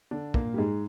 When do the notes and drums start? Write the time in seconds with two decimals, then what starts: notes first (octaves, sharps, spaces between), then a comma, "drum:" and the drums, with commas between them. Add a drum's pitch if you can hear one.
0.11 D3 D4
0.34 A#2 A#3, drum: kick
0.54 G3
0.58 G#2 G#3